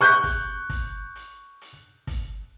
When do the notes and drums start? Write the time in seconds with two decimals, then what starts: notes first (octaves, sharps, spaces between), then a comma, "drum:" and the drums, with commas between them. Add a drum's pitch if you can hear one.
0.01 C#6 F#6 G6
0.24 drum: kick, hi-hat
0.70 drum: kick, hi-hat
1.15 drum: hi-hat
1.61 drum: hi-hat
2.07 drum: kick, hi-hat